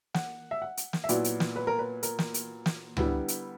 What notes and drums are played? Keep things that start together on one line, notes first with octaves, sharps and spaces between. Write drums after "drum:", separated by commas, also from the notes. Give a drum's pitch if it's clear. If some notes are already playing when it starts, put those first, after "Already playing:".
F#5, drum: snare
E5
F#5
drum: hi-hat
drum: snare
E5
A#2 F#3 B3 E4 D5, drum: hi-hat
drum: hi-hat
drum: snare
B4
A#4
B4
A#4, drum: hi-hat
drum: snare
drum: hi-hat
drum: snare
D3 G3 B3 E4, drum: tom C#2
drum: hi-hat